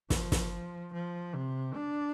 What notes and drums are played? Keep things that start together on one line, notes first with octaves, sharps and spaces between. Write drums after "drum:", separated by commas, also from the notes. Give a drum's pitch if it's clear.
F3, drum: snare
drum: snare
F3
C3
D4